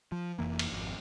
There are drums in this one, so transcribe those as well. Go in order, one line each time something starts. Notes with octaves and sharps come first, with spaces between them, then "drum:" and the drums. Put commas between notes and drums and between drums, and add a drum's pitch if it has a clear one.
F3
F1 F2 E3 A#3
drum: cymbal
G#1 F2